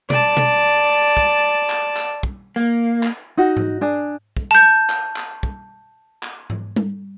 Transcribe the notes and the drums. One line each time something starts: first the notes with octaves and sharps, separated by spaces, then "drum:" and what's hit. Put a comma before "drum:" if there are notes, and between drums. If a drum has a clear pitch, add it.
D5 A5, drum: tom B2
drum: tom B2
drum: kick
drum: clap
drum: clap
drum: kick
A#3
drum: clap
D#4 F#4
drum: tom G#2
D4 G#4
drum: kick
A5 G6
drum: clap
drum: clap
drum: kick
drum: clap
drum: tom G#2
drum: tom G3